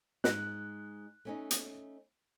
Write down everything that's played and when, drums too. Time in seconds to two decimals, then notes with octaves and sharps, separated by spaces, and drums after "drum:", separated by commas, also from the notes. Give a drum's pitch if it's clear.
0.24 G#2 G#3 F#6, drum: snare
1.25 A3 C#4 D#4
1.51 drum: hi-hat